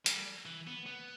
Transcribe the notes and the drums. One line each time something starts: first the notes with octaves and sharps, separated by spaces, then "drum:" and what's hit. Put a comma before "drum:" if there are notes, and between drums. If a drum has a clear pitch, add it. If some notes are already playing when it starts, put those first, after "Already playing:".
G3, drum: hi-hat
E3
B3
B3